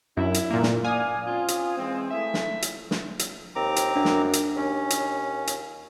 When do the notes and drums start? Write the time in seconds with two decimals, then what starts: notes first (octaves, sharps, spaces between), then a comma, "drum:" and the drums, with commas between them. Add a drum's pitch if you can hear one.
0.17 F#2 D4 E4
0.34 drum: hi-hat
0.50 A#2 A#3
0.63 drum: snare
0.84 D5 F5 G#5 D#6
1.26 C4 C#4 F4
1.48 drum: hi-hat
1.77 E3 G#3 C4
2.11 A3 E4 E5
2.34 drum: snare
2.62 drum: hi-hat
2.91 drum: snare
3.19 drum: hi-hat
3.56 D#2 C4 A#5 D6
3.76 drum: hi-hat
3.96 F#2 D4
4.05 drum: snare
4.33 drum: hi-hat
4.56 D#2 C#4
4.90 drum: hi-hat
5.47 drum: hi-hat